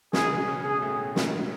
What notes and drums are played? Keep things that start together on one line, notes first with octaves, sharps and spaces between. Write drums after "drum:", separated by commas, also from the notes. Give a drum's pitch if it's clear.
C#3 C#4 G#4, drum: snare
B2 B3
C#3 C#4
B2 B3 G#4
A2 A3
G#3
drum: snare